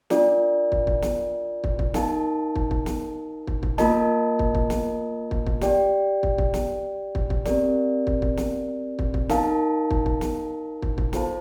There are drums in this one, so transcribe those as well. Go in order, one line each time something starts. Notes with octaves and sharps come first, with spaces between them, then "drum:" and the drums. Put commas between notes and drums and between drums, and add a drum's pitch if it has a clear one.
D4 F4 A#4 D5, drum: snare
drum: kick
drum: kick
drum: snare
drum: kick
drum: kick
D#4 A#4 F5 A5, drum: snare
drum: kick
drum: kick
drum: snare
drum: kick
drum: kick
A#3 F4 A#4 D#5 A5, drum: snare
drum: kick
drum: kick
drum: snare
drum: kick
drum: kick
G4 D5 G5, drum: snare
drum: kick
drum: kick
drum: snare
drum: kick
drum: kick
C4 G4 A#4 D5, drum: snare
drum: kick
drum: kick
drum: snare
drum: kick
drum: kick
D#4 A#4 F5 A5, drum: snare
drum: kick
drum: kick
drum: snare
drum: kick
drum: kick
F4 A4 C5 F5 A5, drum: snare